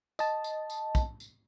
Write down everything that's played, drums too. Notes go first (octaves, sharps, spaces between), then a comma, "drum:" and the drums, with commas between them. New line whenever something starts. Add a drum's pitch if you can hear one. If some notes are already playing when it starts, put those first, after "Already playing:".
D#5 A5, drum: tambourine
drum: tambourine
drum: tambourine
drum: kick, tambourine
drum: tambourine